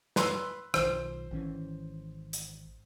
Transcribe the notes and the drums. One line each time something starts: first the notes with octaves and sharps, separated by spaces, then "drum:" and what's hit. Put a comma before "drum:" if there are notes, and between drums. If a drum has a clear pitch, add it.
B4 C6 E6, drum: snare
B1 D#3 F3 C5, drum: rim click
G#1 E3 C#4
drum: hi-hat